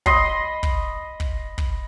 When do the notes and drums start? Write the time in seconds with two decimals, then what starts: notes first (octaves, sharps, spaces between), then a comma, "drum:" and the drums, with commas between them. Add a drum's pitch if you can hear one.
0.06 D#5 B5 C6, drum: kick
0.63 drum: kick
1.20 drum: kick
1.58 drum: kick